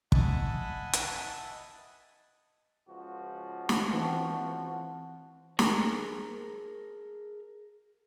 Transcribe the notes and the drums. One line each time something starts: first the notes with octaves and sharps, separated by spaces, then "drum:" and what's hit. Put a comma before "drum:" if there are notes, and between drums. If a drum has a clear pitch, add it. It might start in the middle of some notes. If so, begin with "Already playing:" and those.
D#5 E5 F#5 G#5 A5 B5, drum: kick
drum: hi-hat
C#2 F3 F#4
drum: snare
E3 C4 F#5 A5
G#4 A#4 A#5, drum: snare